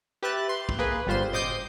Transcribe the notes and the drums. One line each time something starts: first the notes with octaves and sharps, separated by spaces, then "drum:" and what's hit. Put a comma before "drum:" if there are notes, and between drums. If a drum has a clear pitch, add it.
G4 B4 E5 F#6 A6
C6
drum: kick
A#3 G#4 B4
G1 G3 F4 C5 C6
C5 D#5 D6 D#6 G6 C7, drum: tom A2